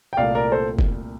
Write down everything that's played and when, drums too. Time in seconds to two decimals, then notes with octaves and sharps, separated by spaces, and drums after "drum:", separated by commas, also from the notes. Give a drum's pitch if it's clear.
0.13 G5
0.17 C2 A#2 A3 D5 F5
0.35 A#4 D5
0.52 A4 C5
0.79 drum: kick